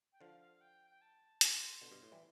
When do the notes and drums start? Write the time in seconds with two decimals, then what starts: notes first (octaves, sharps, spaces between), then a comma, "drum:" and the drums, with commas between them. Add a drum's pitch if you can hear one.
0.12 G5
0.21 D3 F3 F5
0.41 F5
0.61 G5
0.91 G5
1.02 A5
1.41 C6, drum: hi-hat
1.81 B2 D3
1.92 G2 B2
2.02 A2
2.12 E3 G3